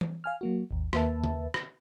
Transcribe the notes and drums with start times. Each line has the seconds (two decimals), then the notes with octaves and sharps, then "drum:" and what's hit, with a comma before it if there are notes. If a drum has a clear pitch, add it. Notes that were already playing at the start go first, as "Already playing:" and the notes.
0.01 drum: tom E3
0.24 F5 G#5 F6
0.41 F#3 A#3 F#4
0.71 G#1 D#2
0.93 D#2 A#3 B4 E5 A5, drum: rim click
1.24 drum: tom C#3
1.54 drum: rim click